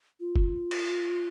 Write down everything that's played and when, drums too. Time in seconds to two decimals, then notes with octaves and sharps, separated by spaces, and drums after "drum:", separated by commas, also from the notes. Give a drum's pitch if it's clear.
0.20 F4
0.36 drum: kick
0.71 drum: cymbal